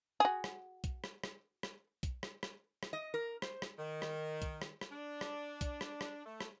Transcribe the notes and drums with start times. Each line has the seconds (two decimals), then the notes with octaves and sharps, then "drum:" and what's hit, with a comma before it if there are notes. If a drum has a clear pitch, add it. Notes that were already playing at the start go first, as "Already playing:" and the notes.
0.20 F#4 G#4
0.44 drum: rim click
0.84 drum: kick, hi-hat
1.04 drum: rim click
1.24 drum: rim click
1.63 drum: rim click
2.03 drum: kick, hi-hat
2.23 drum: rim click
2.43 drum: rim click
2.83 drum: rim click
2.93 D#5
3.14 A#4
3.42 C5, drum: rim click
3.62 drum: rim click
3.78 D#3
4.02 drum: rim click
4.42 drum: kick, hi-hat
4.62 drum: rim click
4.81 drum: rim click
4.92 D4
5.21 drum: rim click
5.61 drum: kick, hi-hat
5.81 drum: rim click
6.01 drum: rim click
6.26 A3
6.41 drum: rim click